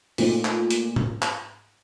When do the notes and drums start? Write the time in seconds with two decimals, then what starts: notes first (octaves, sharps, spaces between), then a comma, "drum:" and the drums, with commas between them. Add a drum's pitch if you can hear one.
0.18 A#2 A3 C4 D#4, drum: open hi-hat
0.45 drum: clap
0.71 drum: hi-hat
0.96 drum: tom G#2
1.22 drum: clap